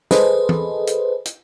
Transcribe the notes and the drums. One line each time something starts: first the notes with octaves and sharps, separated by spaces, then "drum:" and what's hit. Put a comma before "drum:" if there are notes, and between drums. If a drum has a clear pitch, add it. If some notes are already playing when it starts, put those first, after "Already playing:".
G#4 A4 B4 C5 D#5, drum: snare
drum: tom
drum: hi-hat
drum: hi-hat